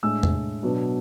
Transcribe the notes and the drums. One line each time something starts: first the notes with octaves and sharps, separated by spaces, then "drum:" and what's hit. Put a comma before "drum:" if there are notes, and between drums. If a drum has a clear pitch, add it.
A2 G#3 D4 E6
drum: tom E2
B2 F#3 B3 D4